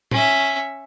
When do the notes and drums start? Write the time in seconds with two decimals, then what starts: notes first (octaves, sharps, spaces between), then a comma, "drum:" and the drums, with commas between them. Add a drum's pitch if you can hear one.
0.11 C#4 E5, drum: tom A2